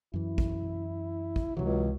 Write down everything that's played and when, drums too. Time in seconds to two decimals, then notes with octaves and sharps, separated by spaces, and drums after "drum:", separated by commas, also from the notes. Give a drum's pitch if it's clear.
0.14 F#2 E3 E4
0.38 drum: kick
1.36 drum: kick
1.57 C#2 C3 E3 F#3